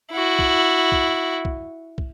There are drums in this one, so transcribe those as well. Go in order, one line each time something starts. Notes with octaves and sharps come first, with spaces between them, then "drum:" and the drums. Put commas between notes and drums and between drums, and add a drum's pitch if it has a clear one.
E4 F#4
drum: kick
drum: kick
drum: kick
drum: kick